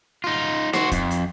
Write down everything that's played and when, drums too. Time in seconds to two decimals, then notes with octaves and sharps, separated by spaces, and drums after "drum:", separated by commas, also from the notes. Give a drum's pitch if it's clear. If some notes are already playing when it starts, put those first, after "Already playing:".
0.24 D#4 F4
0.73 F#4 C5, drum: snare D#4
0.91 F2, drum: kick, hi-hat
1.11 drum: hi-hat